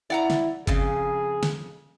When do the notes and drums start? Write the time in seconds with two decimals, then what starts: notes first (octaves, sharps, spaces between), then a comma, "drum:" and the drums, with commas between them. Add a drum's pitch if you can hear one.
0.10 E4 D5 F#5 A#5
0.30 drum: snare
0.67 F2 C#3 G#4, drum: kick F#1, hi-hat
1.43 drum: snare